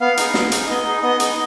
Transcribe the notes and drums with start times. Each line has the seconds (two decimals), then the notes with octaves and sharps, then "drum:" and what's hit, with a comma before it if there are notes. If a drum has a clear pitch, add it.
0.01 B3 F5
0.17 D#4 G#4, drum: hi-hat
0.34 B3, drum: snare
0.52 D#4 G#4, drum: hi-hat
0.69 B3 D#5
0.85 D#4 G#4
1.03 B3 D#5
1.20 D#4 G#4, drum: hi-hat